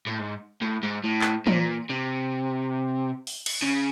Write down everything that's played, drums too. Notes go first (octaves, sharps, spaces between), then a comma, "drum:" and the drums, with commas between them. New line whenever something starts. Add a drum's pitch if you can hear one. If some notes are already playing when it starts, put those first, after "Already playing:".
A2
G#2
A2
G#2
A2
drum: clap
A#2, drum: tom E3
C3
drum: open hi-hat
drum: cymbal
C#3